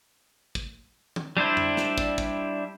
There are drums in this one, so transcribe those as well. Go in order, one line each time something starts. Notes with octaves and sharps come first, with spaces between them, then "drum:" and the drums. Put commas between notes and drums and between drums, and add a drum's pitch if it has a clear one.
drum: kick
drum: tom
G3 D4 E4 C5
drum: tom F2
drum: snare
drum: kick
drum: kick